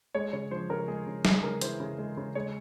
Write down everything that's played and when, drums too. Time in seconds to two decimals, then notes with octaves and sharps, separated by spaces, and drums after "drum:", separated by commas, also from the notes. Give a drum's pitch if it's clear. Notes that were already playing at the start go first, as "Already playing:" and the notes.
0.15 G#3 C#5
0.33 C#3 C#5
0.51 F3 C5
0.70 C#3 A#4
0.88 G#3 G#4
1.07 C#3
1.25 G#3 G#4, drum: snare
1.43 C#3 A#4
1.61 E3 C5, drum: hi-hat
1.80 C#3
1.98 G#3
2.17 C#3
2.35 G#3 C#5